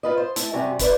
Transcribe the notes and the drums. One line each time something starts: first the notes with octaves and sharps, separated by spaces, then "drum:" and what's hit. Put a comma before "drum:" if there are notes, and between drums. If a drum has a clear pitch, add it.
F4 B4 D#5
C5
A3 E4, drum: hi-hat
F#2 C3 G3 F#4 G#5
E4 B4 D5, drum: kick, hi-hat